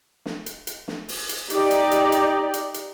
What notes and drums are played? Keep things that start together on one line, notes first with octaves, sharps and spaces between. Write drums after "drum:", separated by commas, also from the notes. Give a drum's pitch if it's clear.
drum: snare
drum: hi-hat
drum: hi-hat
drum: snare
drum: open hi-hat
drum: hi-hat
D#4 G4 D5, drum: hi-hat
drum: hi-hat
drum: hi-hat
drum: hi-hat
drum: hi-hat
drum: hi-hat